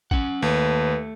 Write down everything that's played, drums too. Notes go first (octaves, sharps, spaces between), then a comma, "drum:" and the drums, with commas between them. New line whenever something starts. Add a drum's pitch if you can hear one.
C#4 F#5, drum: kick
D#2 A3 B4